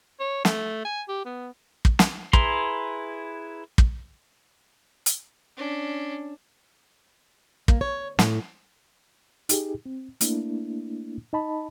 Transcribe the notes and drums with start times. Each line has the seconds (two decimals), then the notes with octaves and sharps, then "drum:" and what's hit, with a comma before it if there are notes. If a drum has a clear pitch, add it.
0.20 C#5
0.45 A3, drum: snare
0.85 G#5
1.08 G4
1.25 B3
1.85 drum: kick
1.99 drum: snare
2.33 E4 G#4 B4 A#5 C6, drum: kick
3.78 drum: kick
5.06 drum: hi-hat
5.57 C#4 D4
7.68 A#3, drum: kick
7.81 C#5
8.19 A2, drum: snare
9.49 D#4 G4 G#4, drum: hi-hat
9.86 C4
10.21 A3 A#3 D4 E4, drum: hi-hat
11.33 D#4 D#5 A5 B5